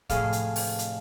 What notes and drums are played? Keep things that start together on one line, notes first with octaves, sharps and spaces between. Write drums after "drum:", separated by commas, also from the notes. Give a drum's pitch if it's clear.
F1 A2 G#4 A4 F5, drum: kick, hi-hat
drum: hi-hat
drum: open hi-hat
drum: hi-hat